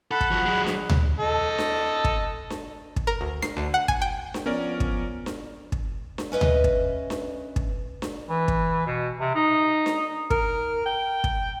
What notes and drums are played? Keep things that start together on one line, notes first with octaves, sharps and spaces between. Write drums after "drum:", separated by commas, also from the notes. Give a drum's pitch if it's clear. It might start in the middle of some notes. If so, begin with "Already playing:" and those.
A4 F#5 B5
drum: kick
F3 F#4
F#3 G#3
drum: snare D4
drum: tom D2
A4 D#5
drum: snare D4
drum: kick
drum: snare D4
drum: kick
A#4
D2
C7, drum: snare D4
D2
F#5
G#5, drum: kick
G5
drum: snare D4
F3 B3 C#4 A#4 D5
drum: kick
drum: snare D4
drum: kick
drum: snare D4
C#4 B4 D#5 E5
drum: tom D2
drum: kick
drum: snare D4
drum: kick
drum: snare D4
E3
drum: kick
B2
C3
D#4
drum: snare D4
A#4, drum: kick
G5
drum: kick